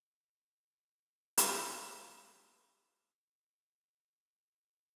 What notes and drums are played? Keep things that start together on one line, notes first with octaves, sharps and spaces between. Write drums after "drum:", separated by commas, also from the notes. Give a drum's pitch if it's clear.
C#3 G4 C5 D#5 D6
drum: hi-hat
B5 D6 E6 G6 A6 D7